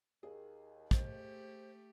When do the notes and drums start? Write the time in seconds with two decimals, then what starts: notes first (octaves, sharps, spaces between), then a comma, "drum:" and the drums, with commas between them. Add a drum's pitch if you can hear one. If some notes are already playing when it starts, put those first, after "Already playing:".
0.23 D#2 G#4
0.91 A3 G4 C5, drum: kick